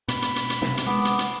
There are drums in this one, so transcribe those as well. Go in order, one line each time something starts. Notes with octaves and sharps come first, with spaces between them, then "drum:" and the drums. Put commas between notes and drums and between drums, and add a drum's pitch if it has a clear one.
B2 B5, drum: hi-hat
drum: hi-hat
drum: hi-hat
drum: hi-hat
C3, drum: snare
drum: hi-hat
G#3 B3 D6
drum: hi-hat
drum: hi-hat